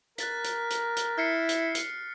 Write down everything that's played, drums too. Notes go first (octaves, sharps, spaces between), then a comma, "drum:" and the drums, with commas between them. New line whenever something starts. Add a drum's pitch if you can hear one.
A#4 F#6 A6 B6, drum: hi-hat
drum: hi-hat
drum: hi-hat
drum: hi-hat
E4 F6 C7 C#7
drum: hi-hat
drum: hi-hat